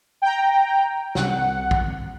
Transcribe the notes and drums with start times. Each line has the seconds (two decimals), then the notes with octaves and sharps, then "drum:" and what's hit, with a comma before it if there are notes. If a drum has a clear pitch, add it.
0.22 G5 A#5
1.15 C2 F#5, drum: snare
1.71 drum: kick B1